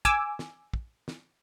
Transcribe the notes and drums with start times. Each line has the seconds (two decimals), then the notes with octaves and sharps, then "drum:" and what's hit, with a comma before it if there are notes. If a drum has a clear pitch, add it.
0.05 G#5 D6 E6, drum: kick
0.39 drum: snare
0.74 drum: kick
1.08 drum: snare